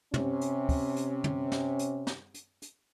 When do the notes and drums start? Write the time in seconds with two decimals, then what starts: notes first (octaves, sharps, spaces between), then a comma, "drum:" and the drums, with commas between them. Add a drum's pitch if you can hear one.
0.14 C3 C#4, drum: tom
0.41 drum: hi-hat
0.69 drum: kick, open hi-hat
0.96 drum: hi-hat
1.24 drum: tom
1.52 drum: snare
1.79 drum: hi-hat
2.07 drum: snare
2.34 drum: hi-hat
2.62 drum: hi-hat